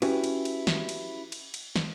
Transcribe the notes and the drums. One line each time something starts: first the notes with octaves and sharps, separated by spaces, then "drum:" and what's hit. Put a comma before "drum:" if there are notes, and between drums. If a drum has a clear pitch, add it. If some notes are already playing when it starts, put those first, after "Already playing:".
C#4 E4 F#4 G4 B4, drum: cymbal
drum: cymbal
drum: cymbal
drum: snare
drum: cymbal
drum: cymbal
drum: cymbal
drum: snare